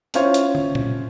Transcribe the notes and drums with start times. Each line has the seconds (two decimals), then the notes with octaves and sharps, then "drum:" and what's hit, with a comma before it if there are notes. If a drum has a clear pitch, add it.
0.14 C#4 E4 F4 C5 C#5, drum: hi-hat
0.34 drum: hi-hat
0.55 drum: tom
0.75 drum: tom A#2